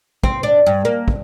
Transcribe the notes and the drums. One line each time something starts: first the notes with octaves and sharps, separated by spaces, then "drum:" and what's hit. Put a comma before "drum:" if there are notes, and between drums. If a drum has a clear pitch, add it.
C4, drum: kick
D4
G2
A#3
drum: kick